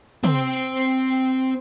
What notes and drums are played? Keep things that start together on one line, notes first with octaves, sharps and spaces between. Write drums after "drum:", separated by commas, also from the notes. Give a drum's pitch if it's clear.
C4 C5, drum: tom